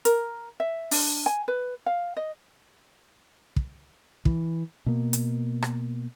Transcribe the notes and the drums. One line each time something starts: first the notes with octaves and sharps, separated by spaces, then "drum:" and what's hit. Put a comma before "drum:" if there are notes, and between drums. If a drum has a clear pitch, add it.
A#4, drum: hi-hat
E5
D4, drum: open hi-hat
G#5
B4
F5
D#5
drum: kick
E3, drum: kick
B2 A#3
drum: hi-hat
drum: rim click